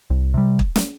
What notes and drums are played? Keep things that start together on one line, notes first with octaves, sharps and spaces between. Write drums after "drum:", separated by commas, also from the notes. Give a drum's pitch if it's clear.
C2
C3 G3
drum: kick
drum: snare